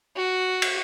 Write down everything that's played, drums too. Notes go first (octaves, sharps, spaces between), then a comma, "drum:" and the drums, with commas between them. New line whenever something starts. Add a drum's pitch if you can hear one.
F#4
drum: cymbal